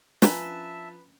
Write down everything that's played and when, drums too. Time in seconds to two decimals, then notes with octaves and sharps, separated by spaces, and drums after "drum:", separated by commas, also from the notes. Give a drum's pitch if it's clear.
0.22 F3 C#4 D4 B4 E5 A5 A#5, drum: snare